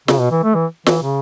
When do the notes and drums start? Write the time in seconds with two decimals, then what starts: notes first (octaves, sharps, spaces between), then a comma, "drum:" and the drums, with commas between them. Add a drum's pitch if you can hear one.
0.08 C#3, drum: snare
0.20 B2
0.31 E3
0.43 A3
0.55 E3
0.86 E3, drum: snare
1.03 C#3